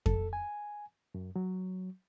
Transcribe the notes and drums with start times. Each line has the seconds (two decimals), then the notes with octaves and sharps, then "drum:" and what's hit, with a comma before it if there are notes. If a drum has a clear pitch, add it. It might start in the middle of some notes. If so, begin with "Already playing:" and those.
0.06 A4, drum: kick F2
0.33 G#5
1.15 F#2
1.36 F#3